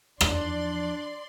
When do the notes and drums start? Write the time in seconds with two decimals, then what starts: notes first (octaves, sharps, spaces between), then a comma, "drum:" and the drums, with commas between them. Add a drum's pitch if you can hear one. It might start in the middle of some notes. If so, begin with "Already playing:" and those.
0.21 E2 F3 D4 D5 C6, drum: rim click